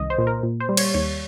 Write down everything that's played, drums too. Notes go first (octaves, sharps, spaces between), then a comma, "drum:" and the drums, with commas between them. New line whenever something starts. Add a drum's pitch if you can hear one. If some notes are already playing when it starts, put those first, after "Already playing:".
Already playing: C2 D#3 D#5
C5
A#2
A#4
A#2
C5
G3
C#5, drum: cymbal
D#2 C#5